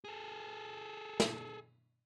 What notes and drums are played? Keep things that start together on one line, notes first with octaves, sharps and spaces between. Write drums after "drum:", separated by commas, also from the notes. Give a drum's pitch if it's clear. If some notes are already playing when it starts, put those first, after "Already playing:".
G#4 A4
drum: snare